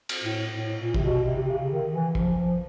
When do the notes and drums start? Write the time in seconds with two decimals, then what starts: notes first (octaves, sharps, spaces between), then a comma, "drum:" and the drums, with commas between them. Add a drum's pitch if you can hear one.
0.09 drum: cymbal
0.22 A2
0.52 A2
0.81 A#2
0.94 C3, drum: kick
1.04 B2
1.26 C3
1.41 C3
1.48 C#3
1.70 D#3
1.92 E3
2.15 F3, drum: kick
2.37 F3